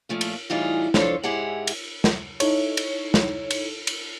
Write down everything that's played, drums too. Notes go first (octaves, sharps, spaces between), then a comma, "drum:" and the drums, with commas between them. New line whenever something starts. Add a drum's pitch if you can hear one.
A#2 F3 A3 F4
drum: cymbal
A2 E3 G3 D#4 F4 G#4
F3 D4 A4 C5 C#5, drum: snare
G#2 E4 G4 G#4 F#5 A#5
drum: cymbal
drum: snare
D#4 E4 A4 C#5, drum: cymbal
drum: cymbal
drum: snare
drum: cymbal
drum: cymbal